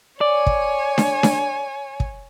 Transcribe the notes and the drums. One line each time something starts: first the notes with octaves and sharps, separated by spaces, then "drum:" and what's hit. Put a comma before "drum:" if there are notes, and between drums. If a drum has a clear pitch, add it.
C#5 D5 G#5
drum: kick
drum: snare D4
drum: snare D4
drum: kick